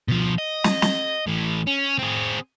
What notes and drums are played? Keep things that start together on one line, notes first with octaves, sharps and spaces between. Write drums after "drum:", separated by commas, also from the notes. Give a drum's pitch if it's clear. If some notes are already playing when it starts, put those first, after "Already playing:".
B2 F3
D#5
drum: snare
drum: snare
A2 E3
C#4
C4 G#4